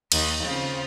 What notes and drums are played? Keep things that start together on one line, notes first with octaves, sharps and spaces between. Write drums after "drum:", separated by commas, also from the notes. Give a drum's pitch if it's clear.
D#2, drum: cymbal
C#3 C4 F4